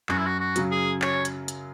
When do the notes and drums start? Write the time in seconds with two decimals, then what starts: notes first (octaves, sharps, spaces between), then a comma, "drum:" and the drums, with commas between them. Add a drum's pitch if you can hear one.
0.09 F#2 F#4, drum: clap
0.18 E4
0.26 F#4
0.40 F#4
0.56 C#3 F#3, drum: hi-hat
0.71 G#4
1.02 C#5, drum: clap
1.25 drum: hi-hat
1.48 drum: hi-hat